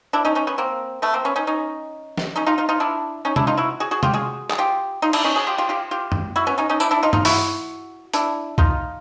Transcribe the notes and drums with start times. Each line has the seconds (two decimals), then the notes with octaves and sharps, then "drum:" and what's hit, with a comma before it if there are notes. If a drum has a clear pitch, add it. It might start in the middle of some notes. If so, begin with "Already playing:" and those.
0.13 D4 E4
0.25 C#4 D#4
0.35 C#4 D#4
0.47 B3 C#4
0.58 A#3 C4
1.02 A3 B3
1.13 A#3 C4
1.25 B3 C#4
1.36 C#4 D#4
1.47 C#4 D#4
2.18 drum: snare
2.36 C#4 D#4
2.46 D#4 F4
2.58 D#4 F4
2.69 D#4 F4
2.80 D4 E4
3.25 C#4 D#4
3.36 D4 E4, drum: tom
3.47 D#4 F4
3.57 E4 F#4
3.80 F#4 G#4
3.91 F#4 G#4
4.03 F4 G4, drum: tom
4.14 F#4 G#4
4.50 G#4, drum: clap
4.58 F4 G4
5.02 D#4 F4
5.13 D4 E4, drum: cymbal
5.24 C#4 D#4
5.36 F#4 G#4
5.47 F4 G4
5.58 F4 G4
5.69 F4 G4
5.91 F4 G4
6.12 drum: tom
6.36 E4 F#4
6.47 B3 C#4
6.58 C#4 D#4
6.70 C#4 D#4
6.80 D4 E4, drum: tambourine
6.91 D4 E4
7.03 D#4 F4
7.13 D#4 F4, drum: tom G2
7.25 E4 F#4, drum: open hi-hat
8.14 D4 E4, drum: hi-hat
8.58 D#4 F4, drum: kick